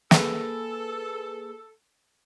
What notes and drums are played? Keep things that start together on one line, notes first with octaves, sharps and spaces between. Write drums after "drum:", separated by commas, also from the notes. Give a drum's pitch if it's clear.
A#3 G#4 A4 B4, drum: snare